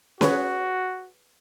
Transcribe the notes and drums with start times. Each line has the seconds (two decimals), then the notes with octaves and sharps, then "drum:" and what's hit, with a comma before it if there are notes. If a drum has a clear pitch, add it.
0.21 F#4 G#4 B4 C#5, drum: snare C#4